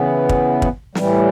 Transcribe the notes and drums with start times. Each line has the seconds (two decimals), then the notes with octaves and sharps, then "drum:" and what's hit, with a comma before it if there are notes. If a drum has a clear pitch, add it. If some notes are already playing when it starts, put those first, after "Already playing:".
Already playing: C#3 E3 B3
0.29 drum: kick
0.62 drum: kick
0.95 A2 E3 G3, drum: snare